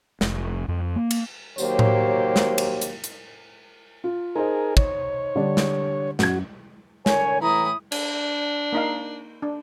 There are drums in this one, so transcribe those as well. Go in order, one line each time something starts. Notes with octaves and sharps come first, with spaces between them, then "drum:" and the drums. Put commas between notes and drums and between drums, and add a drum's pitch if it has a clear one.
F1, drum: snare
F2
A#3
drum: cymbal
D#2 F#3 A#3 G4 C5 C#5, drum: tambourine
drum: tom A2
drum: snare
drum: cymbal
drum: hi-hat
drum: hi-hat
F4
D#4 G#4 A#4 C5 D#5
C#5, drum: kick
D3 G3 D4
drum: snare
F#2 F#4 G#6, drum: snare
D3 A#4 C#5 G#5, drum: snare
A2 E3 E4 A#5 D#6
D4, drum: cymbal
A#3 D#4 F5
D4